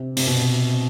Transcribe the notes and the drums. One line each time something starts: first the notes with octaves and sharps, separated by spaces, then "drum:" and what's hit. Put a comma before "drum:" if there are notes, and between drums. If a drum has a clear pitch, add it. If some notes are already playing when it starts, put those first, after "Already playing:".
Already playing: C3
C3, drum: open hi-hat
B2